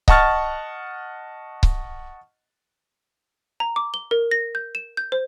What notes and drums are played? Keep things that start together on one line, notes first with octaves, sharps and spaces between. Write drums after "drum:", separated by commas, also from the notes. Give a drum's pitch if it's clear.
D#5 F#5 A5 C#6 F6 A6, drum: kick C#1
drum: kick C#1
A#5
D6
G7
A#4
A#6
G6
E7
G6
C5